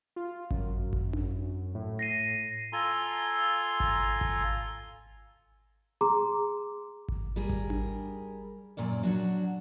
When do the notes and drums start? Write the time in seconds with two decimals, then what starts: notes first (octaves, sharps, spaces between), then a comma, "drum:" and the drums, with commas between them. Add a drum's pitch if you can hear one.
0.16 F4
0.51 F#2, drum: kick G#1
0.93 drum: kick G#1
1.13 drum: tom D4
1.75 A2
1.99 A#6 C7 D#7
2.73 F4 A4 G#5 A#5 C6
3.80 drum: kick G#1
4.21 drum: kick G#1
6.01 G#4 A#5 C6 D6
7.08 drum: kick G#1
7.36 G3 G#4 A#4
7.50 drum: kick G#1
7.70 drum: tom D4
8.77 F#2 A#2 C#4 D5
9.03 F#3 D4 F#4